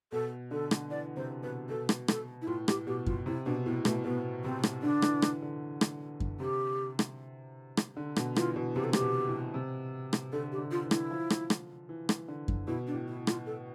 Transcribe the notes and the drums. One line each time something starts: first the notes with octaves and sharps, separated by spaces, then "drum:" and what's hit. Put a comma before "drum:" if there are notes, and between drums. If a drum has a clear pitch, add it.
B2 A4
D3 A4
drum: rim click
E3 D5
C3 C5
B2 B4
B2 A4
drum: rim click
A4, drum: rim click
E4
A2 F4
G4, drum: rim click
B2 G4
F4, drum: kick F#2
C3 E4
B2 D4
A2 B3
B2 A3, drum: rim click
B2 B3
C3 C4
drum: rim click
D3 D4
E3, drum: rim click
drum: rim click
D3
drum: rim click
drum: kick F#2
C3 G4
drum: rim click
drum: rim click
D3
B2, drum: rim click
E3 F4, drum: rim click
B2
C3 G4
A4
G4, drum: rim click
B2
A2
C3
drum: rim click
D3 A4
G4
D3
F4
E3
E4, drum: rim click
F3
drum: rim click
drum: rim click
E3
drum: rim click
D3
drum: kick F#2
B2 E4
D4
A2
E4
F4, drum: rim click
A4